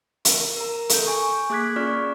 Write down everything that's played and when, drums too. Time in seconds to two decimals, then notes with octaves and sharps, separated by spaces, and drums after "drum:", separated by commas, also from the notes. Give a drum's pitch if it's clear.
0.25 A#4, drum: hi-hat
0.57 A#4 A#5
0.89 A4 G6, drum: hi-hat
1.07 G#5 C#6
1.50 A#3 G#4 D6 F#6 G#6 B6
1.76 C#4 F4 D5 C#6 F6